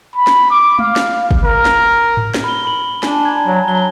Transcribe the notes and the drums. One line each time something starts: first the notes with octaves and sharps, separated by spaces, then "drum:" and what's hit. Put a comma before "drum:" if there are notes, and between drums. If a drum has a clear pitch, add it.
B5
drum: snare
D6
F5, drum: tom G#3
drum: snare
drum: kick
A#4
drum: snare
drum: tom G#2
drum: snare
B5 G7
B5 F#7
D4 G#5 A5, drum: snare
A#5 G#6
F#3
F#3 A#5 G7